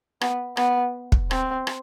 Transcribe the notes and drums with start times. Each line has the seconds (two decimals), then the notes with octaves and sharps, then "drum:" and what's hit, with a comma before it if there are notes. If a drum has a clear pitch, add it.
0.21 B3, drum: rim click
0.57 B3, drum: rim click
1.12 drum: kick
1.31 C4, drum: rim click
1.67 drum: rim click